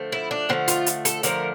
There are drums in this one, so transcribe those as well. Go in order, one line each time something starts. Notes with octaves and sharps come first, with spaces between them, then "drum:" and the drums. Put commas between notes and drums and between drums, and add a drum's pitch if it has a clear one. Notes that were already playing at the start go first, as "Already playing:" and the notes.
Already playing: D3 F3 A3
E4
D4
D3 F3 A3 C4
F4, drum: hi-hat
drum: hi-hat
A4, drum: hi-hat
D3 F3 A3 A#4, drum: hi-hat